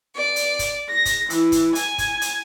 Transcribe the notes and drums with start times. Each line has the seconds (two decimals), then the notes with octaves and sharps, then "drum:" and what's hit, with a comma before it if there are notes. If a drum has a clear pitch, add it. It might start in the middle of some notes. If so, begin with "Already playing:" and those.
0.16 D5
0.36 drum: hi-hat
0.59 drum: kick, hi-hat
0.89 A#6
1.05 drum: kick, hi-hat
1.30 E3, drum: hi-hat
1.52 drum: kick, hi-hat
1.75 G#5, drum: hi-hat
1.98 drum: kick, hi-hat
2.21 drum: hi-hat